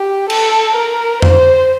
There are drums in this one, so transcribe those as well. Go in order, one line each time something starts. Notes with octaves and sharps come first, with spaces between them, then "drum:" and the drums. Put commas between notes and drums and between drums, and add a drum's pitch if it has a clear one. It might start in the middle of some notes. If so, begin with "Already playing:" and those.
Already playing: G4
A4, drum: cymbal
A#4
C5, drum: tom F2